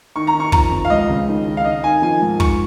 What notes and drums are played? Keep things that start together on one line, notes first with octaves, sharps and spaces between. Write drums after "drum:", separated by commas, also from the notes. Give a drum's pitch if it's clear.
D#3 C#6
A#5
D#3
C#6
F3 A#5, drum: kick
F3
F5
C#2 D#5
C#3
D#3
D#3
F5
D#3 D#5
D#3 G#5
F3 G#5
G#2
F3 C#6, drum: kick